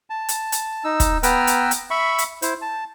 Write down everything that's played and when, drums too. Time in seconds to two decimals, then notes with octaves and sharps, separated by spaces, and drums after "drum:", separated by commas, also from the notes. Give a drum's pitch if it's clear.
0.10 A5
0.29 drum: hi-hat
0.52 drum: hi-hat
0.84 D#4 E6
1.00 drum: kick, hi-hat
1.23 B3 B4 G5 A#5 E6 F6, drum: hi-hat
1.47 drum: hi-hat
1.71 drum: hi-hat
1.90 E5 B5 C#6
2.18 drum: hi-hat
2.42 E4 C5, drum: hi-hat
2.62 A5